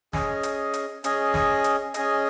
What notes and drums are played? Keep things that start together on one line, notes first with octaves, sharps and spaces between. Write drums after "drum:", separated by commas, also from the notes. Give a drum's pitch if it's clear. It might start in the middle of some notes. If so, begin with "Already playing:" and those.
C#4 G#4 D#5, drum: snare
drum: hi-hat
drum: hi-hat
C#4 G#4 D#5, drum: hi-hat
drum: snare
drum: hi-hat
C#4 G#4 D#5, drum: hi-hat